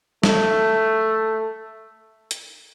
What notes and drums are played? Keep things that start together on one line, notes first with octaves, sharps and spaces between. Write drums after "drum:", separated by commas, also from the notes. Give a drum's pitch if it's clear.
A3, drum: snare
drum: hi-hat